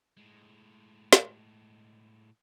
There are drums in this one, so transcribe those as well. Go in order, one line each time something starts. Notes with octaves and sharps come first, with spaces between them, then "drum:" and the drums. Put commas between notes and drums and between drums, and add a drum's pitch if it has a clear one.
A2 G#3
drum: snare